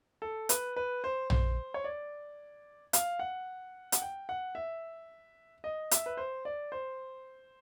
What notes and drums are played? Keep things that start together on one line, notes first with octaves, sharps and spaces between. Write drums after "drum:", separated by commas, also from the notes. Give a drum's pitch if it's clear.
A4
B4, drum: hi-hat
B4
C5
C5, drum: tom A#1
C#5
D5
F5, drum: hi-hat
F#5
F#5, drum: hi-hat
G5
F#5
E5
D#5
E5, drum: hi-hat
B4
C5
D5
C5